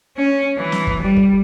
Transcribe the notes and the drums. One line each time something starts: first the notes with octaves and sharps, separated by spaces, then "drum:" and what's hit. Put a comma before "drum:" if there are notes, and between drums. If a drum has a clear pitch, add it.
C#4
E3
drum: snare
drum: kick
G3
drum: kick